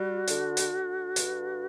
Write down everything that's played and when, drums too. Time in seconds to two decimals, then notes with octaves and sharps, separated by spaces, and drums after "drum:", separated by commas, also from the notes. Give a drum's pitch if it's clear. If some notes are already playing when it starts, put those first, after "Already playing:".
Already playing: G3 F#4
0.27 D3, drum: hi-hat
0.57 drum: hi-hat
0.71 D3
1.16 G2, drum: hi-hat